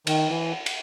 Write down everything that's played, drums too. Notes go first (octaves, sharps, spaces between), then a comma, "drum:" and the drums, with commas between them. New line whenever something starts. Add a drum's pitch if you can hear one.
D#3, drum: cymbal
E3
drum: cymbal